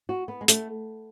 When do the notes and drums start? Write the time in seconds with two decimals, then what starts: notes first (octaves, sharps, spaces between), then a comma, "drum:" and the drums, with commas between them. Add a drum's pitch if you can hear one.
0.09 F#4
0.28 B3
0.41 G#3
0.48 A3, drum: hi-hat